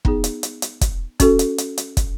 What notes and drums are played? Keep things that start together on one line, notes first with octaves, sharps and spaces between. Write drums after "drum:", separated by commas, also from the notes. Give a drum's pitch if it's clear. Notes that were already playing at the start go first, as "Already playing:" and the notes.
B3 D#4 G#4, drum: kick
drum: hi-hat
drum: hi-hat
drum: hi-hat
drum: kick, hi-hat
C#4 F#4 A4, drum: kick, hi-hat
drum: hi-hat
drum: hi-hat
drum: hi-hat
drum: kick, hi-hat